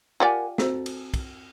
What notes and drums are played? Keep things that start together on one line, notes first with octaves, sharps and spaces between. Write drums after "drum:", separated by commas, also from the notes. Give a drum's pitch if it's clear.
F4 G4 A#4 D5 F#5 G#5
C4 F#4 A4 C5, drum: snare
drum: cymbal
drum: kick, cymbal